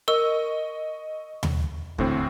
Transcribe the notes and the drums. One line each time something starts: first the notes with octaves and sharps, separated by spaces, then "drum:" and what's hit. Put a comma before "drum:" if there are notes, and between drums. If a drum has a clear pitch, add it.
A#4 D#5 C#6 E6
drum: tom D#2
D2 A2 C4, drum: kick D#2